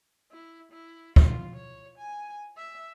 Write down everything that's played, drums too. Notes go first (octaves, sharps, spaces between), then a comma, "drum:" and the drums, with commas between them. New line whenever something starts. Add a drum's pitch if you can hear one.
E4
E4
F4, drum: kick
C#5
G#5
E5